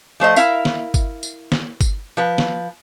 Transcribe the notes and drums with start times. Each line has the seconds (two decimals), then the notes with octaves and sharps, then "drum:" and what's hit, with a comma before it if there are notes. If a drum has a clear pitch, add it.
0.20 F3 A3 C5 D#5
0.36 E4 A#4 E5 F5, drum: tambourine
0.65 drum: snare
0.94 drum: kick G1, tambourine
1.23 drum: tambourine
1.52 drum: snare
1.81 drum: kick G1, tambourine
2.17 F3 B4
2.38 drum: snare